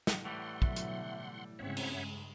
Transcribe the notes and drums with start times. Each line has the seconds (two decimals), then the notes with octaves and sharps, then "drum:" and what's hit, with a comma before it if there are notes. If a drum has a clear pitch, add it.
0.07 drum: snare
0.24 A2 E3 G3 F#5 C6
0.62 B2 D3 F#3 E5, drum: kick
0.76 drum: hi-hat
1.59 G#2 C#3 C4 C#4 C#5 E5 F#5
1.77 drum: cymbal
1.93 G2 G#3